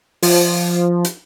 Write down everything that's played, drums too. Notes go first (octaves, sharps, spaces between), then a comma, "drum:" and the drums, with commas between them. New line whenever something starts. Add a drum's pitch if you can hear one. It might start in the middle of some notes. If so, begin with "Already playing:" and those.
F3, drum: open hi-hat
drum: hi-hat